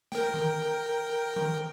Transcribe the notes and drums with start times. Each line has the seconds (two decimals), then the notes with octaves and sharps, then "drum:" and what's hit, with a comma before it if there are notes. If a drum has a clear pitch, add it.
0.12 A#4 G5, drum: snare
0.34 drum: tom D#3
1.36 drum: tom D#3